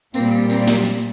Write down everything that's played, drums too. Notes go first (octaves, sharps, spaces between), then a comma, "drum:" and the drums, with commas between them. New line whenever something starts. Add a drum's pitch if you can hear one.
A#2 G3 A#3 C4, drum: tambourine
A#3 C4, drum: tambourine
drum: snare
drum: tambourine